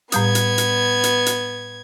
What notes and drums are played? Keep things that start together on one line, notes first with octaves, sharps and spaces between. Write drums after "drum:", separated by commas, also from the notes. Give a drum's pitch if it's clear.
A2 G3 B3 D#6 G#6, drum: hi-hat
drum: hi-hat
drum: hi-hat
drum: hi-hat
drum: hi-hat